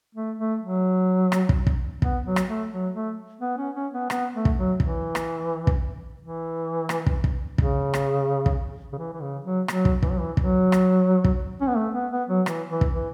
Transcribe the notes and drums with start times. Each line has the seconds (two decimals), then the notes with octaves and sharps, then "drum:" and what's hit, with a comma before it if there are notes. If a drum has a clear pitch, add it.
0.15 A3
0.38 A3
0.62 F#3
1.32 drum: rim click
1.49 drum: kick
1.67 drum: kick
2.02 B3, drum: kick
2.25 F#3
2.36 drum: rim click
2.48 A3
2.72 F#3
2.94 A3
3.41 B3
3.58 C#4
3.75 C#4
3.94 B3
4.10 B3, drum: rim click
4.34 A3
4.45 drum: kick
4.57 F#3
4.80 E3, drum: kick
5.15 drum: rim click
5.67 drum: kick
6.20 E3
6.89 drum: rim click
7.06 drum: kick
7.24 drum: kick
7.58 C#3, drum: kick
7.94 drum: rim click
8.46 drum: kick
8.92 C#3
8.98 E3
9.13 E3
9.21 C#3
9.44 F#3
9.68 F#3, drum: rim click
9.85 drum: kick
10.03 E3, drum: kick
10.11 F#3
10.20 E3
10.37 F#3, drum: kick
10.72 drum: rim click
11.24 drum: kick
11.61 C#4
11.69 B3
11.77 A3
11.94 B3
12.12 B3
12.29 F#3
12.46 E3, drum: rim click
12.69 E3
12.81 drum: kick
12.93 E3